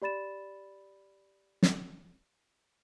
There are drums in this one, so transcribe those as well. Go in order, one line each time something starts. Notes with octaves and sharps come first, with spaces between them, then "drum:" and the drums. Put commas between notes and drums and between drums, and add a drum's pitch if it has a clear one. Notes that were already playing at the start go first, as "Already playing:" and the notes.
G4 D5 B5 A6 E7
drum: snare